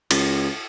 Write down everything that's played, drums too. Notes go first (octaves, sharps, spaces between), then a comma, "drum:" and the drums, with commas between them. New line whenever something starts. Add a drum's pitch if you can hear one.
C#2, drum: cymbal